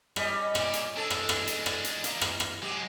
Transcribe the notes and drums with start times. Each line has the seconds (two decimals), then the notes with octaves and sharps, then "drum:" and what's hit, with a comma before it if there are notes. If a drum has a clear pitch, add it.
0.16 G3 C#4 D#5, drum: rim click
0.55 A#2, drum: rim click
0.73 drum: hi-hat
0.97 G#3 D4 A4
1.10 drum: rim click
1.29 drum: rim click
1.47 drum: hi-hat
1.66 drum: rim click
1.84 drum: hi-hat
2.04 A#3, drum: hi-hat
2.21 drum: rim click
2.40 drum: rim click
2.62 F#3 G#3 G4